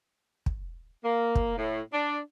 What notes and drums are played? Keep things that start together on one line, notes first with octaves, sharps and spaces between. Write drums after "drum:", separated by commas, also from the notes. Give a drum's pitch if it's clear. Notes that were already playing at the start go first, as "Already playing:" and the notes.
drum: kick
A#3
drum: kick
A2
D4